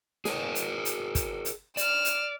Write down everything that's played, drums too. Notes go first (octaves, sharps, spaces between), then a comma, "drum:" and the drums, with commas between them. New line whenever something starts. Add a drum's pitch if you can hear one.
G#4 A#4 C#5, drum: snare
drum: hi-hat
drum: hi-hat
drum: kick, hi-hat
drum: hi-hat
D5 F6 E7, drum: hi-hat
drum: hi-hat